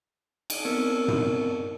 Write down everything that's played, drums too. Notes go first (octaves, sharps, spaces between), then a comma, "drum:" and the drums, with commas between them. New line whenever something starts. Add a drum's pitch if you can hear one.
drum: cymbal
B3 C4 A#4 E6 C#7
drum: tom